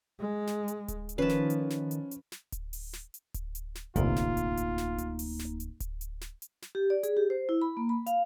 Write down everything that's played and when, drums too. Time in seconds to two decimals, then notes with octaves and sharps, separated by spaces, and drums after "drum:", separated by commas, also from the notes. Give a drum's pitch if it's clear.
0.19 G#3
0.47 drum: snare
0.68 drum: hi-hat
0.88 drum: kick D1, hi-hat
1.09 drum: hi-hat
1.18 D#3 F3 C#4 B4 A5
1.29 drum: snare
1.50 drum: hi-hat
1.70 drum: snare
1.91 drum: hi-hat
2.11 drum: hi-hat
2.32 drum: snare
2.52 drum: kick D1, hi-hat
2.73 drum: open hi-hat
2.93 drum: snare
3.14 drum: hi-hat
3.34 drum: kick D1, hi-hat
3.55 drum: hi-hat
3.75 drum: snare
3.96 D1 G1 C2 A#3 D#4 F4, drum: hi-hat
4.16 drum: snare
4.37 drum: hi-hat
4.57 drum: hi-hat
4.78 drum: snare
4.98 drum: kick D1, hi-hat
5.19 drum: open hi-hat
5.39 drum: snare
5.60 drum: hi-hat
5.80 drum: kick D1, hi-hat
6.01 drum: hi-hat
6.21 drum: snare
6.42 drum: hi-hat
6.62 drum: snare
6.75 G4
6.90 D5
7.03 G#4, drum: hi-hat
7.17 G4
7.30 C5
7.49 E4
7.62 B5
7.77 A#3
7.89 B5
8.06 F5, drum: hi-hat